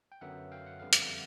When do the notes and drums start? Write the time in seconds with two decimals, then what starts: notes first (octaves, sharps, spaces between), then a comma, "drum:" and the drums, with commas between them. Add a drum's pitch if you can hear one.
0.12 G5
0.21 F#2 D3 F#3 B3 E5 F#5
0.52 F5 G5
0.66 F#5
0.80 F2 D3 G3 B3 F5
0.93 E5 F#5, drum: hi-hat